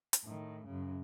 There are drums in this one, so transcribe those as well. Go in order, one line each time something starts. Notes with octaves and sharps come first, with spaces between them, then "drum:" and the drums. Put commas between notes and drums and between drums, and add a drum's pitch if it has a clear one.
drum: hi-hat
A2 D#3
F#2 C#3